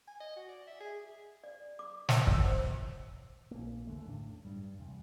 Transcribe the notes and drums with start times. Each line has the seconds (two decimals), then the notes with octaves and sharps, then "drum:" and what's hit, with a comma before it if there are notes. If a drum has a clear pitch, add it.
0.08 G#5
0.20 D#5
0.36 F#4
0.49 D5
0.67 E5
0.80 G#4
1.44 D5
1.79 D6
2.09 C#5, drum: snare
2.27 E6, drum: kick
2.45 C5
3.51 A#1 A#3
3.87 E2 D3 A3
4.08 A2 D4
4.45 G2 G3
4.79 E2 C3